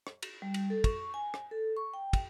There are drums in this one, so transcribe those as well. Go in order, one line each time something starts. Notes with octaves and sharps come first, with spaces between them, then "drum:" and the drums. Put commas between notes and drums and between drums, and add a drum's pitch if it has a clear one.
drum: rim click
drum: cymbal
G3
drum: cymbal
A4
C#6, drum: kick, cymbal
G#5
drum: rim click
A4
C#6
G5
drum: kick, cymbal